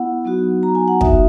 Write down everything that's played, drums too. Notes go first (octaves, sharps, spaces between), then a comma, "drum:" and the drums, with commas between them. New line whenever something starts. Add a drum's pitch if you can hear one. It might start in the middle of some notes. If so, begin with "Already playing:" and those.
Already playing: B3 E4 F#5
F#3 B3 D#4 F#4
A#5
G#5
F#5
B3 D#4 F#4 E5, drum: kick